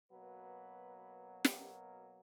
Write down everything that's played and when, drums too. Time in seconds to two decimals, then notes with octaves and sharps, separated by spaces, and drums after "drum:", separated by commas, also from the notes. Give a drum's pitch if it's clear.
0.11 B2 F#3 A#3 B4
1.45 A#4, drum: snare